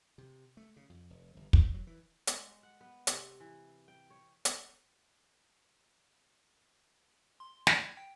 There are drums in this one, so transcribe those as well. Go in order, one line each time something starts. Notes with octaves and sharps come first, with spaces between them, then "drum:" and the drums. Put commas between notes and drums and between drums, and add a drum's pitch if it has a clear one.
C3
A3
C#3
F2
F1
G1
A2, drum: kick
F#3
E3
G#3, drum: hi-hat
F#5
B3
C3, drum: hi-hat
E3
G5
C#5
drum: hi-hat
C6
D5, drum: snare
G#6
G5